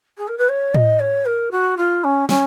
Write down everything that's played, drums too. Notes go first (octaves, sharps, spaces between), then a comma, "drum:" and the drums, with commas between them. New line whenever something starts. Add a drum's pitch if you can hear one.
G#4
A#4
B4
C#5
D#5, drum: tom A2
C#5
A#4
F#4
F4
C#4
C#4, drum: snare